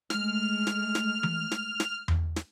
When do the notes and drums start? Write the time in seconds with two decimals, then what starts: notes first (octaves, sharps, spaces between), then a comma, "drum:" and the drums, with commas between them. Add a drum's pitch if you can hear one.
0.10 G#3 A3 F6, drum: snare
0.67 drum: snare
0.95 drum: snare
1.23 drum: tom E3
1.51 drum: snare
1.80 drum: snare
2.08 drum: tom E2
2.36 drum: snare